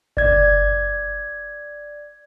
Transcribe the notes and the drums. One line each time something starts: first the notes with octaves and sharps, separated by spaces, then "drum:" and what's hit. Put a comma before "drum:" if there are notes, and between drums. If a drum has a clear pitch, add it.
D5 G#6, drum: kick F#1